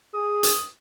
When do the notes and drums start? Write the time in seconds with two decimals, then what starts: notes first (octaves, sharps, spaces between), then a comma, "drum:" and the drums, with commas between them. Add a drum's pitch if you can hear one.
0.14 G#4 D#6
0.43 drum: hi-hat